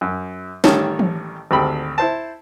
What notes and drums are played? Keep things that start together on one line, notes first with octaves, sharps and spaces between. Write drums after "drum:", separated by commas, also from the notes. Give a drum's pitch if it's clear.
F#2
A1 D#3 G3 A3 C#5 A5, drum: snare
drum: tom E3
G#1 D2 G4 B5
E4 C5 A5